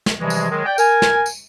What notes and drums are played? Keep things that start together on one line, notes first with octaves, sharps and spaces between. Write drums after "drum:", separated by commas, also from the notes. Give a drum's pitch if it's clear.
drum: snare
C3 E3 F3 G3 G#3
drum: tambourine
D#3 F#3 G#3
D5 G5
A#4 G#5, drum: tambourine
drum: snare
drum: tambourine